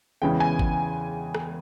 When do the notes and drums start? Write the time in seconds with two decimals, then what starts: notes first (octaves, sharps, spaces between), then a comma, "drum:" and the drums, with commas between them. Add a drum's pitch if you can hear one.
0.22 E2 C#3 E3 G#3 G5
0.40 G#5
0.59 drum: kick
1.35 drum: rim click